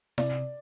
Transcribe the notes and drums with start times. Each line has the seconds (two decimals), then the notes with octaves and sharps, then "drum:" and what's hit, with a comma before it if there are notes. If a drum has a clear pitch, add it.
0.18 C3 D5, drum: snare E4